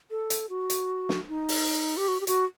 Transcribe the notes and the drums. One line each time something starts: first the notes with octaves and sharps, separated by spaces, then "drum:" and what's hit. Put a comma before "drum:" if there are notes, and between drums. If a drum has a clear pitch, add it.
A4
drum: hi-hat
F#4
drum: hi-hat
drum: snare
D#4
drum: open hi-hat
G4
F#4
G4
F#4, drum: hi-hat